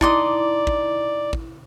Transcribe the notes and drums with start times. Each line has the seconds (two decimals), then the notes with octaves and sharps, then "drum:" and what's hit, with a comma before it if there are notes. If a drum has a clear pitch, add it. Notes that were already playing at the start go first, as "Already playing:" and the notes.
0.01 D#4 E4 D5 C6 D6 D#6, drum: kick
0.67 drum: kick
1.33 drum: kick